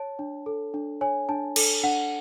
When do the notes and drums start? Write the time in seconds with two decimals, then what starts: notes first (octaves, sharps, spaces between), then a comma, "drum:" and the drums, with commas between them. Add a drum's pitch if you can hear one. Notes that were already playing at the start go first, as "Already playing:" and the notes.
Already playing: C#5 A5
0.19 D4
0.46 A4
0.74 D4
1.01 C#5 G#5
1.29 D4 A5
1.56 A4, drum: cymbal
1.83 D4 F#5